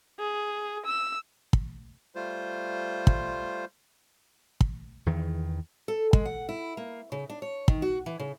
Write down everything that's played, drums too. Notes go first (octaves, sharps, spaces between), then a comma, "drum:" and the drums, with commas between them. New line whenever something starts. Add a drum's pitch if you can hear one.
G#4
E6
drum: kick
G3 A3 F4 C5
drum: kick
drum: kick
E2 D#3 E3
A4
G#3, drum: kick
F#5
E4
A#3
C#3
D4
C#5
D#3, drum: kick
F#4
E3
C#3